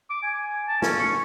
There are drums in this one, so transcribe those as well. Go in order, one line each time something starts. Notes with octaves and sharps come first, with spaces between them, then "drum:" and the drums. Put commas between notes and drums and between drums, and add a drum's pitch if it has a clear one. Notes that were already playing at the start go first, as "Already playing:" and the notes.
D6
G#5
A5
C#4, drum: snare
C#6